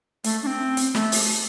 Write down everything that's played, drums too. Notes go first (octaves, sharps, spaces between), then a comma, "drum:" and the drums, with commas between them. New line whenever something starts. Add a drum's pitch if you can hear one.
A3, drum: hi-hat
D4
C4
drum: hi-hat
A3, drum: snare
drum: open hi-hat